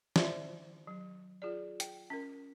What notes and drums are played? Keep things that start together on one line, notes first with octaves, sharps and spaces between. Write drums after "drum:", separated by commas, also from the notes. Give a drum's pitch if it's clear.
D#3 E4 C5 D5 E5, drum: snare
F#3
F4 G#4 D5
G5, drum: hi-hat
C#4 A#4